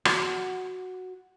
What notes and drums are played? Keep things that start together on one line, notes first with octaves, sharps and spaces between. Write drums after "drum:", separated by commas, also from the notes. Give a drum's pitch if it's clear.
F#4, drum: rim click